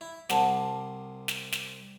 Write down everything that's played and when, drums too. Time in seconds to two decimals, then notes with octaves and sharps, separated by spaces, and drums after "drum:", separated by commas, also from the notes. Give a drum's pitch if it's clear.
0.01 E4
0.30 C2 C3 F#5 A5, drum: snare
1.28 drum: snare
1.52 drum: snare